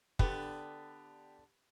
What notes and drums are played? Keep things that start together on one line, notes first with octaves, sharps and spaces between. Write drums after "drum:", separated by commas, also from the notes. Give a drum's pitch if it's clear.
D3 B3 D4 G4 A4, drum: kick